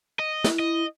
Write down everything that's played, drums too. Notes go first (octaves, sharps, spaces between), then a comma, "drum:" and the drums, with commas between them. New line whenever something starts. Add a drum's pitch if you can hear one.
D#5
E4, drum: snare
D#5